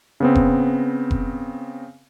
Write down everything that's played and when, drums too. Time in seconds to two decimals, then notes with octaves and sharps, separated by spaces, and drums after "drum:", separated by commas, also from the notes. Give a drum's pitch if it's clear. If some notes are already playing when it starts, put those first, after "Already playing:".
0.20 C#3 B3 C4
0.35 drum: kick F1
1.11 drum: kick F1